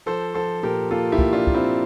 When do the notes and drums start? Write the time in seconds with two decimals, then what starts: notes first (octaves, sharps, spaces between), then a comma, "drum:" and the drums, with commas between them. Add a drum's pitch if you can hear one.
0.06 F3 A4 C5
0.34 F3 A4 C5
0.63 A#2 G4 A#4
0.91 A#3 F4 A4
1.12 E4 G4
1.19 A#2, drum: kick
1.33 D4 F4
1.47 A#3, drum: kick
1.54 C4 E4